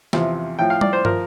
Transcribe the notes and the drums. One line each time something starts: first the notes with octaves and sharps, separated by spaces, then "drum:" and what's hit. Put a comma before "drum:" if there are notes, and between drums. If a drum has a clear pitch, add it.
E2 C3 F3, drum: snare
A2 F3 G5
F5
D5, drum: tom G3
C5
F3 A#4, drum: tom